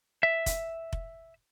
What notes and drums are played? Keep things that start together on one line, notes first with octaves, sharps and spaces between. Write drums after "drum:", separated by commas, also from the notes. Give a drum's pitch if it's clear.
E5
drum: kick F1, hi-hat
drum: kick F1